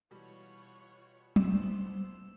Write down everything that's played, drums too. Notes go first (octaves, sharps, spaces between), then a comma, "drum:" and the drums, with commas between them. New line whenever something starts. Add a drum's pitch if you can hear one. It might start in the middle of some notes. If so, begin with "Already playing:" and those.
B2 E3 G3 F4 C#5 F#5
A3 B3 C5 D6 E6 E7, drum: tom